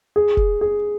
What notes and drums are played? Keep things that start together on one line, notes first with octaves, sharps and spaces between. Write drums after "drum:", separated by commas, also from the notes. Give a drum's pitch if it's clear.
G#4
drum: kick F1
G#4